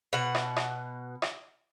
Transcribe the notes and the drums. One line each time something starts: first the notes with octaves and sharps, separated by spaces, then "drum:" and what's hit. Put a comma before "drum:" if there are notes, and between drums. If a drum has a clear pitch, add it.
B2 F#5
drum: rim click
drum: rim click
drum: rim click